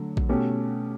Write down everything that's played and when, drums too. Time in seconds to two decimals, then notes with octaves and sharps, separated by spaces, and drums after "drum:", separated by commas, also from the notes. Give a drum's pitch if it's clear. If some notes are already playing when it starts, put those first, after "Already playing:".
Already playing: D3 F#3 A3
0.17 drum: kick A#1
0.29 B2 A3 C#4 G4